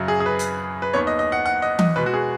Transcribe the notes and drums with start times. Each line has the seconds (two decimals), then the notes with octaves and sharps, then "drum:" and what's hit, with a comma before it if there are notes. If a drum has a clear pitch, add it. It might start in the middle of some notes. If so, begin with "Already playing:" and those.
Already playing: F#2 C#3 F#3
0.08 G#4
0.20 G#4
0.26 B4
0.39 drum: hi-hat
0.82 B4
0.94 D#2 D#3 B3 C#5
1.07 D#5
1.19 D#5
1.32 F#5
1.46 F#5
1.62 D#5
1.79 D#5, drum: tom E3
1.96 B2 G#3 B3 B4
2.06 F#4
2.14 G#4